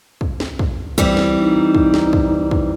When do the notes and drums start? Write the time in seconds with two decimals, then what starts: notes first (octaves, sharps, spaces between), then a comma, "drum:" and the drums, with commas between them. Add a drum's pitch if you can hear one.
0.21 drum: kick
0.40 drum: snare
0.59 drum: kick
0.98 E3 G3 C4, drum: kick
1.17 drum: snare
1.39 D#4
1.75 drum: kick
1.94 drum: snare
2.13 drum: kick
2.51 drum: kick